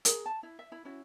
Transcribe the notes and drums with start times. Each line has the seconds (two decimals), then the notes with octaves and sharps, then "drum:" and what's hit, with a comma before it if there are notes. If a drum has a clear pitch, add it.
0.05 G#4 A#4, drum: hi-hat
0.26 A5
0.43 E4
0.59 E5
0.72 E4 B5
0.85 C#4 E4 F#4